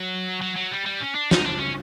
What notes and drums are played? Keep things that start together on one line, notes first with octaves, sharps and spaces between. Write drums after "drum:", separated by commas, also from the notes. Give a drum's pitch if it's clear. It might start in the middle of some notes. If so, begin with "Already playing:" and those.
Already playing: F#3
F#3
F#3
G3
G3
C#4
D4
D#4, drum: snare
D4
C#4